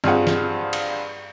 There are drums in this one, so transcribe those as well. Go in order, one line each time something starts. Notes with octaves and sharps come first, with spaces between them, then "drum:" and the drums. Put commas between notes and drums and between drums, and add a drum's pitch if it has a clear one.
G2 C4 F4 G#4 F#5, drum: snare
drum: snare
drum: cymbal